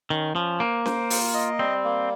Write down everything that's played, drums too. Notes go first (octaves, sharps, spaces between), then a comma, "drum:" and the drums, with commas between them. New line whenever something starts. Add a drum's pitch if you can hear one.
D#3 C#4
F3 C#4
A#3 C5
C5, drum: snare C#4
F4, drum: open hi-hat
D#5
G3 C4
A#3